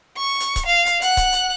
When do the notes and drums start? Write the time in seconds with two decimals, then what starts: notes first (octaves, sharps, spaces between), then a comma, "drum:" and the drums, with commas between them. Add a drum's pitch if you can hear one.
0.17 C#6
0.40 drum: hi-hat
0.56 drum: kick C#1, hi-hat
0.66 F5
0.86 drum: hi-hat
1.02 F#5 F#6, drum: hi-hat
1.17 drum: kick C#1, hi-hat
1.32 drum: hi-hat